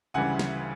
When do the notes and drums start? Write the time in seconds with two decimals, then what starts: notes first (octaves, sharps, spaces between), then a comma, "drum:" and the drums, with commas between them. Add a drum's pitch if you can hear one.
0.14 D2 C#3 E3 G3 F#5 G#5
0.39 drum: snare